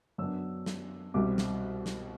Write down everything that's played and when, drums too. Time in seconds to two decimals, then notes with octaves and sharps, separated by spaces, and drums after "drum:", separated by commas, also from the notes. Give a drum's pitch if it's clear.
0.18 F#2 F#3 B3 D4 E6
0.66 drum: snare
1.14 C2 B2 G3 C4 D6
1.38 drum: snare
1.86 drum: snare